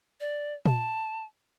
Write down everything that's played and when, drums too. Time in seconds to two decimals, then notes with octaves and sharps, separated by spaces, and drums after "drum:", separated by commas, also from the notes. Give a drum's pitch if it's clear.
0.20 D5
0.66 A5, drum: tom A#2